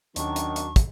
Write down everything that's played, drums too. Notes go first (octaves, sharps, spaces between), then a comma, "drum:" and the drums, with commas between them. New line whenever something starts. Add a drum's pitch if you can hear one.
D#2 D#3 F#3 C#4 D4 C#6, drum: hi-hat
drum: hi-hat
drum: hi-hat
drum: kick, hi-hat